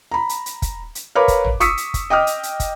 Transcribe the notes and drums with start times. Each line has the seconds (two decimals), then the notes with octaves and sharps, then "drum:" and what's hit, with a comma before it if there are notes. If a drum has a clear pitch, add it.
0.11 A#5 B5
0.29 drum: hi-hat
0.46 drum: hi-hat
0.62 drum: kick, hi-hat
0.95 drum: hi-hat
1.15 A#4 B4 C#5 F5 B5 D6
1.28 drum: kick, hi-hat
1.45 drum: tom
1.60 C#6 D#6 E6 B6 C#7, drum: hi-hat
1.77 drum: hi-hat
1.94 drum: kick, hi-hat
2.10 D#5 G5 D6 D#6 F6
2.27 drum: hi-hat
2.43 drum: hi-hat
2.60 drum: kick, hi-hat